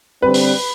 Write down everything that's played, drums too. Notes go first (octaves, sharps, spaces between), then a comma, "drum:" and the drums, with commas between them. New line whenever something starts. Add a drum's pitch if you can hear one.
D3 G3 C4 B4
drum: open hi-hat